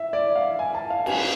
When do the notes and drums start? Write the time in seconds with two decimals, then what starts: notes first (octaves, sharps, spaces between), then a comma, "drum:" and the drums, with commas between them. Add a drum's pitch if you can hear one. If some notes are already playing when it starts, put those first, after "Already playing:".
Already playing: E5
0.13 D5
0.36 F5
0.59 G#5
0.75 A5
0.90 F5
1.06 G#5, drum: cymbal